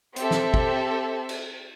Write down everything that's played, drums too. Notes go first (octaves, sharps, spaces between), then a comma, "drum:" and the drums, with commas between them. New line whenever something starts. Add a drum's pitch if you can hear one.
C4 G4 A4 E5, drum: hi-hat
drum: snare
drum: kick
drum: cymbal